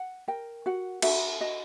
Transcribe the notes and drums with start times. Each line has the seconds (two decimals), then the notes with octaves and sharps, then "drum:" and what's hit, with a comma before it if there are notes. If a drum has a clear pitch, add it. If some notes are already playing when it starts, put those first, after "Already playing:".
Already playing: F#5
0.28 A#4 G5
0.66 F#4 F#5
1.02 F#4 E5, drum: cymbal
1.40 F#4 D#5